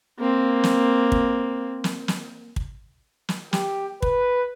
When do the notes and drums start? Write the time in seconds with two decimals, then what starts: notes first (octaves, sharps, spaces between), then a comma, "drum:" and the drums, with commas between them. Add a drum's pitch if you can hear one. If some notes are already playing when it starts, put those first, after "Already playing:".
0.18 A#3 C4
0.64 drum: snare
1.12 drum: kick
1.84 drum: snare
2.08 drum: snare
2.56 drum: kick
3.29 drum: snare
3.53 G4, drum: snare
4.02 B4, drum: kick